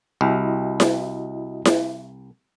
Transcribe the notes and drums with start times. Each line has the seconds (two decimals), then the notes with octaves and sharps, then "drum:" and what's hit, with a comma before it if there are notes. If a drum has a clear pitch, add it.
0.21 C2 E4 F#4 D#5
0.80 drum: snare E4
1.65 drum: snare E4